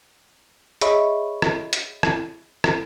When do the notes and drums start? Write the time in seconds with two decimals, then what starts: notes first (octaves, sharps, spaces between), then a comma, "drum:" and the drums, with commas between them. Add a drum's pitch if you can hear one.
0.81 G#4 C#5 D#5 E5 B5 C#6, drum: hi-hat
1.42 drum: rim click
1.73 drum: hi-hat
2.03 drum: rim click
2.64 drum: rim click